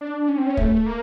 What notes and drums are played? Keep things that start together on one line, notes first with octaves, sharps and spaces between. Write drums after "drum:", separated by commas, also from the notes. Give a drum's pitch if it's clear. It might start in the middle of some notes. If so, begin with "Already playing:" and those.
D4
C#4
C4
C#4
A3, drum: kick
A#3